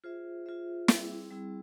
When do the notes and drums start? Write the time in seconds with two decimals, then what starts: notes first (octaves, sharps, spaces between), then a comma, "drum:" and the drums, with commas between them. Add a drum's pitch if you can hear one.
0.04 F4 G#4 C5 E5
0.46 F4 G#4 C5 E5
0.88 G3 C4 E4 G#4, drum: snare
1.31 G3 C4 E4 G#4